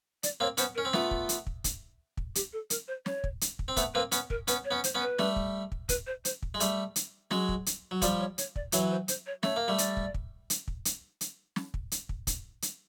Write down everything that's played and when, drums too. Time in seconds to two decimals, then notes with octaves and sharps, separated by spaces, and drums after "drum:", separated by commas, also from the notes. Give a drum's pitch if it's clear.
0.23 D5, drum: hi-hat
0.40 A#3 C4 C#5
0.57 B3 C#4 C5, drum: hi-hat
0.75 A#4
0.78 C#4
0.85 C4
0.93 A3 B3 F4, drum: snare
1.11 drum: kick
1.29 drum: hi-hat
1.47 drum: kick
1.64 drum: kick, hi-hat
2.17 drum: kick
2.35 G4, drum: hi-hat
2.53 A4
2.70 A#4, drum: hi-hat
2.88 C5
3.06 C#5, drum: snare
3.24 drum: kick
3.41 drum: hi-hat
3.59 drum: kick
3.68 C4
3.77 A3 B3 C5, drum: kick, hi-hat
3.94 A#3 C4 B4
4.12 B3 C#4 B4, drum: hi-hat
4.30 A#4, drum: kick
4.48 B3 C#4 B4, drum: hi-hat
4.65 C#5
4.71 B3 C#4
4.84 C5, drum: hi-hat
4.95 B3 C#4
5.01 B4
5.19 G3 A3, drum: snare
5.36 drum: kick
5.72 drum: kick
5.89 B4, drum: kick, hi-hat
6.07 C5
6.25 C5, drum: hi-hat
6.42 drum: kick
6.54 G#3
6.60 G3 A3, drum: hi-hat
6.96 drum: hi-hat
7.31 F#3 G#3, drum: snare
7.49 drum: kick
7.66 drum: hi-hat
7.91 F#3
8.02 F3 G3 D5, drum: kick, hi-hat
8.19 C#5
8.38 C#5, drum: hi-hat
8.56 D5, drum: kick
8.72 E3 F#3 C#5, drum: hi-hat
8.91 C5
9.08 C5, drum: hi-hat
9.26 C#5
9.43 A3 C#5, drum: snare
9.56 A#3
9.68 G3 A3
9.78 D5, drum: hi-hat
9.97 drum: kick
10.14 drum: kick
10.50 drum: hi-hat
10.68 drum: kick
10.85 drum: hi-hat
11.21 drum: hi-hat
11.56 drum: snare
11.74 drum: kick
11.92 drum: hi-hat
12.09 drum: kick
12.27 drum: kick, hi-hat
12.62 drum: hi-hat